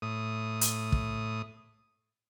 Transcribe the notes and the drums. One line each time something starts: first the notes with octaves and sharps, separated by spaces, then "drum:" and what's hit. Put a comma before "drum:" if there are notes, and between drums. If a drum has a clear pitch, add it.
A2 D#6
drum: hi-hat
drum: kick